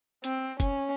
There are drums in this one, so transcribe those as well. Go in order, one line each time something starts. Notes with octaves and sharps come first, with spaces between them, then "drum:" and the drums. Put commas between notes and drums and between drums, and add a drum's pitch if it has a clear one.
C4, drum: hi-hat
C#4, drum: kick, hi-hat